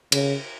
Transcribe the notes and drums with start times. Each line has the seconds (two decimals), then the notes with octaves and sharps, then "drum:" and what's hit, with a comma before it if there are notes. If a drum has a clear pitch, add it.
0.12 C#3, drum: cymbal